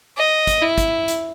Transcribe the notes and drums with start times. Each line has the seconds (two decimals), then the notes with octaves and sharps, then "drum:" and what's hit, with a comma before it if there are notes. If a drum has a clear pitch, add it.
0.17 D#5
0.47 drum: kick, hi-hat
0.62 E4
0.78 drum: kick, hi-hat
1.08 drum: hi-hat